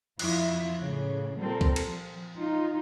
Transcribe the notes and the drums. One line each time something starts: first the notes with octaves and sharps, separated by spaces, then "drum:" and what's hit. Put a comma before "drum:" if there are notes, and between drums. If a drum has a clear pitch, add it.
F2 E4 F4 E5, drum: cymbal
A2 C#3
A#2 G3 C4 A4 A#4
drum: kick
drum: cymbal
F3
D#4 F4